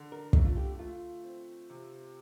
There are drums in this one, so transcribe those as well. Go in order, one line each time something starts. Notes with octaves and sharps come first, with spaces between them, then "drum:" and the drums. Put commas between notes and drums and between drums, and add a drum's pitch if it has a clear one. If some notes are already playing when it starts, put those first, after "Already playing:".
Already playing: D3
A#4
A3 D#4, drum: kick
F4
G4
A3 F4
C4
C3